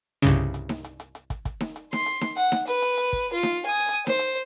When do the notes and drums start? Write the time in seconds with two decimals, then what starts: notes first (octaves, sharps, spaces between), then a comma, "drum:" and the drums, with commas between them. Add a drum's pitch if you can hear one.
0.22 C2 G2 C#3
0.54 drum: hi-hat
0.69 drum: snare D#4
0.84 drum: hi-hat
1.00 drum: hi-hat
1.15 drum: hi-hat
1.30 drum: kick, hi-hat
1.45 drum: kick, hi-hat
1.61 drum: snare D#4
1.76 drum: hi-hat
1.93 C6, drum: snare D#4
2.06 drum: hi-hat
2.21 drum: snare D#4
2.37 F#5, drum: hi-hat
2.52 drum: snare D#4
2.67 B4, drum: hi-hat
2.82 drum: hi-hat
2.97 drum: hi-hat
3.13 drum: kick
3.34 F4
3.43 drum: snare D#4
3.66 G#5 D#6
3.89 drum: hi-hat
4.07 C5, drum: snare D#4
4.19 drum: hi-hat